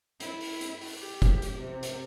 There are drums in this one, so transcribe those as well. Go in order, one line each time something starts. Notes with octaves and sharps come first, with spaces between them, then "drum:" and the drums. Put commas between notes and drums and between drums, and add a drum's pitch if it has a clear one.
E4, drum: hi-hat
drum: open hi-hat
drum: hi-hat
drum: open hi-hat
G4
drum: kick F1, hi-hat
drum: hi-hat
C3
drum: hi-hat